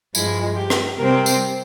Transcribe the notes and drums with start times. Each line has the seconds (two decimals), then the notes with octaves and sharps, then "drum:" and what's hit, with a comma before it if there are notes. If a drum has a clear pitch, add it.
0.15 G2 F3 G#3 E4, drum: tambourine
0.56 G4
0.70 drum: rim click
0.98 C3 G3 C4 A#4
1.26 drum: tambourine